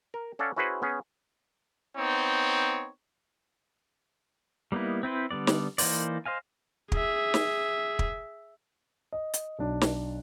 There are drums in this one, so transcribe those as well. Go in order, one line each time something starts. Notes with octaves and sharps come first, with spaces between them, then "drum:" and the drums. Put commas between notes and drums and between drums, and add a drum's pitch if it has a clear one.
A#4
C#4 A4 D5 F5 F#5
C#4 E4 F#4 G#4 B4 C5
B3 C#4 G#4
B3 C4 D#4 C#5
G3 A#3 B3 D#4 E4
C4 E4 B4 C5
D3 G3 B3 D5
drum: snare
E3 A#3 D#4 C5 D5, drum: open hi-hat
C5 D#5 F5 G#5
G#4 E5, drum: kick
drum: snare
drum: kick
D#5
drum: hi-hat
B1 D4
drum: snare